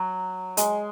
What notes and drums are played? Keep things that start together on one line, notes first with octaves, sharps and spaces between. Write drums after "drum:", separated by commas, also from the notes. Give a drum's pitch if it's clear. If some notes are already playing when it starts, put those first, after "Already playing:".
Already playing: F#3
G#3, drum: hi-hat